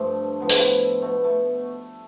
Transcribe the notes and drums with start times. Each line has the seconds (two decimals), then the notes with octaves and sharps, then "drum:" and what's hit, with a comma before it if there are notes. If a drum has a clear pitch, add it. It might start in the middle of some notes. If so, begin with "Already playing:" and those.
Already playing: G2 F3 A3
0.40 A2 F3 B3
0.50 drum: open hi-hat
1.02 B2 A3
1.24 A3